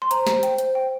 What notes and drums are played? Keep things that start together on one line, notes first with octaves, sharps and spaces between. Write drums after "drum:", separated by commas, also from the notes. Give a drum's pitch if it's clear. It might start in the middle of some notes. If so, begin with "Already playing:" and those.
C6
C5 A#5, drum: hi-hat
C5, drum: snare
G5, drum: hi-hat
C5, drum: hi-hat
G5